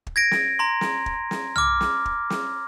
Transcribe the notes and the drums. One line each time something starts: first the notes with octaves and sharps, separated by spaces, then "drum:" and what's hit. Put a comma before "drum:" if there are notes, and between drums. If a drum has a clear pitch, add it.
drum: kick
G#6 A#6 D7
drum: snare
A#5 C6
drum: snare
drum: kick
drum: snare
D6 F6, drum: tom
drum: snare
drum: kick
drum: snare